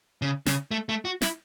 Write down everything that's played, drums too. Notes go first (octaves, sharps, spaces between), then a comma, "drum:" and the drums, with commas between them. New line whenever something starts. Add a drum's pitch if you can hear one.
C#3
C#3, drum: snare
A3
A3
F#4
E4, drum: snare